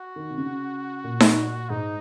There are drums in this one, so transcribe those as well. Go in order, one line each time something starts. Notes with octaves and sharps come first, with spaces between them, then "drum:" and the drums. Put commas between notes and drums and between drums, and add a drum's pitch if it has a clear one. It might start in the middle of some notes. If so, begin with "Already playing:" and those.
Already playing: F#4
D#3
C3
C#3
A#2
drum: snare D#4
G#2 D#4